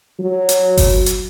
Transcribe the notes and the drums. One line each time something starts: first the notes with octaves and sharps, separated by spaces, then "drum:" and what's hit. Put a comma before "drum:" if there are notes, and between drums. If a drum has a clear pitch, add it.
F#3
drum: hi-hat
drum: kick G1, open hi-hat
drum: hi-hat